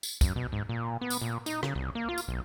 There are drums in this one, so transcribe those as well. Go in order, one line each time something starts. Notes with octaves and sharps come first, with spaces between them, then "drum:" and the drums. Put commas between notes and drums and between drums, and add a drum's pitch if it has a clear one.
drum: tambourine
F#2, drum: kick, tambourine
B2
G#2
A#2
B3
drum: tambourine
A#2
D#4, drum: tambourine
C#3, drum: rim click
C2
A#3
F4
drum: tambourine
B1